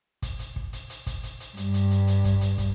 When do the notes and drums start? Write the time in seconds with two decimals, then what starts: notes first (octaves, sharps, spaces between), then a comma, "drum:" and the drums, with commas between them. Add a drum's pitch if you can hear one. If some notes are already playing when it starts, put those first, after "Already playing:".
0.22 drum: kick, hi-hat
0.39 drum: hi-hat
0.56 drum: kick
0.73 drum: hi-hat
0.90 drum: hi-hat
1.07 drum: kick, hi-hat
1.23 drum: hi-hat
1.40 drum: hi-hat
1.57 G2, drum: hi-hat
1.74 drum: hi-hat
1.91 drum: hi-hat
2.07 drum: hi-hat
2.24 drum: kick, hi-hat
2.41 drum: hi-hat
2.58 drum: kick, hi-hat